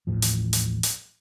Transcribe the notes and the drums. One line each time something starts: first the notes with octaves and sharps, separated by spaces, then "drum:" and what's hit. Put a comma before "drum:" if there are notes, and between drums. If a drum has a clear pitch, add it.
A1 D#2 A2 F3
drum: hi-hat
drum: hi-hat
drum: hi-hat